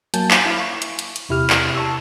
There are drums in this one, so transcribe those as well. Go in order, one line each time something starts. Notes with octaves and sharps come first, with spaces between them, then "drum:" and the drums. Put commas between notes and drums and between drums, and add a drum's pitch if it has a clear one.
F#3 A#3 G#5 A5 G6, drum: hi-hat
drum: clap
E4 F5
C#6
drum: hi-hat
drum: hi-hat
drum: hi-hat
E2 C3 E4 G4 F6
drum: clap
A5 C#6 E6